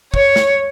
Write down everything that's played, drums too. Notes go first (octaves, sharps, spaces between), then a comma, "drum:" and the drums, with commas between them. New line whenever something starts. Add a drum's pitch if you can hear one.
C#5, drum: kick
drum: snare